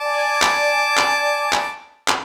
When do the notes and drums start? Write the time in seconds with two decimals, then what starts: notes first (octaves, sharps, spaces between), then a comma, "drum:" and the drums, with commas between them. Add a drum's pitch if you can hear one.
0.01 D5 G#5 A5 D6
0.42 drum: clap
0.97 drum: clap
1.53 drum: clap
2.08 drum: clap